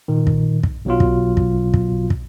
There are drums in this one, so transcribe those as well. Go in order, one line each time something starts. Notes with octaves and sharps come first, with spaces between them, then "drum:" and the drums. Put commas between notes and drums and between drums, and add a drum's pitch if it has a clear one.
A#2 D#3
drum: kick
drum: kick
B1 B2 F#3 F4
drum: kick
drum: kick
drum: kick
drum: kick